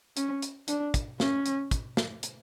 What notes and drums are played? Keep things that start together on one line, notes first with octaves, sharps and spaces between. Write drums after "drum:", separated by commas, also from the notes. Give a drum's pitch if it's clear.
C#4, drum: hi-hat
drum: hi-hat
D4, drum: hi-hat
drum: kick, hi-hat
C#4, drum: snare
drum: hi-hat
drum: kick, hi-hat
drum: snare
drum: hi-hat